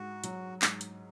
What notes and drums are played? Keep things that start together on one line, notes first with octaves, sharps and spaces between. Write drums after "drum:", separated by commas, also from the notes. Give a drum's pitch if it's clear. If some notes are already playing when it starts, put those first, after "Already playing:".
Already playing: G#2 F#4
F#3, drum: hi-hat
G#2, drum: clap
drum: hi-hat